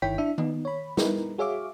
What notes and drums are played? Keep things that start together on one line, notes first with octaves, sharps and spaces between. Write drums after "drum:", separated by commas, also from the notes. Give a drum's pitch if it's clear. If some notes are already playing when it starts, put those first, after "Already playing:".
G1 D#3 E4 C#5 G5 B6
D4 E4 E5
B3 D#4, drum: tom D#3
C#5 B5
B3 D#4 E4 A#4 B4, drum: snare
F#4 G#4 C#5 E5 F5 D6